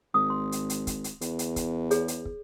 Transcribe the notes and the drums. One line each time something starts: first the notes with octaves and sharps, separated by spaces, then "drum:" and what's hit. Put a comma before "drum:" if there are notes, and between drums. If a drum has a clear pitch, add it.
G#1 D#6
C6
drum: hi-hat
drum: hi-hat
drum: kick, hi-hat
drum: hi-hat
E2, drum: hi-hat
drum: hi-hat
drum: kick, hi-hat
G#4 C#5, drum: hi-hat
drum: hi-hat
drum: kick